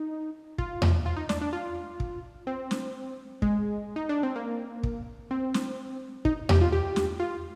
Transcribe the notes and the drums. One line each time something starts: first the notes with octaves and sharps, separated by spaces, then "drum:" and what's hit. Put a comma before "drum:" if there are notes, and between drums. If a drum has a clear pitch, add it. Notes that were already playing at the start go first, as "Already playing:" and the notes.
Already playing: D#4
F4, drum: kick
drum: tom E2
F4
D#4
D4, drum: snare
D4
F4
drum: kick
C4
drum: snare
G#3, drum: kick
D#4
D4
C4
A#3
drum: kick
C4
drum: snare
D#4, drum: kick
G4, drum: tom E2
F4
G4
drum: snare
F4